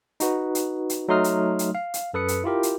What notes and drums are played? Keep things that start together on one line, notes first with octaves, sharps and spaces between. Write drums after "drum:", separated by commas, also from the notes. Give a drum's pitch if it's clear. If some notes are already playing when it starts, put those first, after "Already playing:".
D#4 F#4 B4, drum: hi-hat
drum: hi-hat
drum: hi-hat
F#3 A3 D#4 C6 D#6 F6
drum: hi-hat
drum: hi-hat
F5
drum: hi-hat
F#2 A4 B4 D#6 C#7
drum: hi-hat
E4 F4 G4 A#4
drum: hi-hat